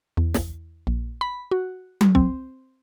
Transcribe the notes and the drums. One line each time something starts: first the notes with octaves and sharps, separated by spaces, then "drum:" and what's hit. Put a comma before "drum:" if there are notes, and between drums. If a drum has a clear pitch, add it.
E2
drum: snare
A#1
B5
F#4
drum: tom F#3
C4, drum: kick